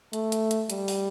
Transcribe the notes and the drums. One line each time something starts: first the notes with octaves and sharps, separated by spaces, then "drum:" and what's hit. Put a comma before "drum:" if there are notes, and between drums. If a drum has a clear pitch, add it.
A3, drum: hi-hat
drum: hi-hat
drum: hi-hat
G3, drum: hi-hat
drum: open hi-hat